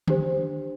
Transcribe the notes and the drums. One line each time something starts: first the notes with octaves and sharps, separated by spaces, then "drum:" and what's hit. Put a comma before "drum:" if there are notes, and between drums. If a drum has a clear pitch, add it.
D4 G4 C5, drum: tom D3